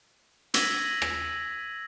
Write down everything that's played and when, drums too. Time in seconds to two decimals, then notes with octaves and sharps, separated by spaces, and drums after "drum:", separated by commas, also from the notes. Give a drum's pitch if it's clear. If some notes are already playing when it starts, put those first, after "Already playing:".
0.54 E6 G#6 A#6 B6 D#7 F#7, drum: hi-hat
1.02 drum: rim click